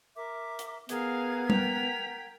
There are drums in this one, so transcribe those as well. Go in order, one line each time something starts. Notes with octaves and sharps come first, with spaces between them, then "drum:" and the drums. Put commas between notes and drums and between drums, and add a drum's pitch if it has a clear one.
A#4 E5 D6
drum: hi-hat
B3 G#4 A#4 F5 F#5 G#6, drum: hi-hat
G5 B6 F7, drum: tom G3